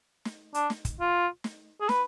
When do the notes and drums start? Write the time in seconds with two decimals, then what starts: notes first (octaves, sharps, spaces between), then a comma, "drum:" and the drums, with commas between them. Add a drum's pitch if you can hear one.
0.25 drum: snare
0.54 D4, drum: hi-hat
0.70 drum: snare
0.85 drum: kick, hi-hat
1.00 F4
1.44 drum: snare
1.81 G#4
1.89 B4, drum: snare